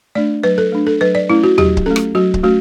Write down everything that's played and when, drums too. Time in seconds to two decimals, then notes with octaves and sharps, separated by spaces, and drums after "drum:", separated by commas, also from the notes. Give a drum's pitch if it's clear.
0.15 A3 D4 D5
0.44 F#3 B4
0.58 A4
0.72 A3 D4
0.87 A4
1.01 F#3 B4
1.15 D5
1.29 A3 C#4 E4
1.44 F#4
1.58 F#3 G4, drum: tom D#2
1.77 drum: kick C#1
1.86 A3 C#4 A4
1.96 drum: rim click
2.15 F#3 F#4
2.34 drum: kick C#1
2.44 A3 C#4 F#4